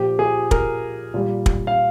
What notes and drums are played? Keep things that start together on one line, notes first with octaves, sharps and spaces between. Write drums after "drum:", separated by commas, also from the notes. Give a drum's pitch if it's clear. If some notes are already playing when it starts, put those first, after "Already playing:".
Already playing: A#2 F3 G4
G#4
A#4, drum: kick
A#2 G3
drum: kick
F5